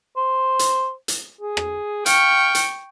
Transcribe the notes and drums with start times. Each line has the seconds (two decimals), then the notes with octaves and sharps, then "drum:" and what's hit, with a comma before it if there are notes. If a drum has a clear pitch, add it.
0.16 C5
0.59 drum: hi-hat
1.08 drum: hi-hat
1.41 G#4
1.57 drum: rim click
2.06 F5 G5 C#6, drum: hi-hat
2.55 drum: hi-hat